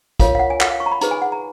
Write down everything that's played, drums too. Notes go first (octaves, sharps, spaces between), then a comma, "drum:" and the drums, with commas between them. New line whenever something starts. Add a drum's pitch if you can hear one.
F4 A#4 C#5 F5, drum: kick, hi-hat
F5
F#5
G#5
F#5, drum: clap
F5
C#6
A#5
B5
D#4 G#4 B4 A#5, drum: hi-hat
G#5
F#5
A#5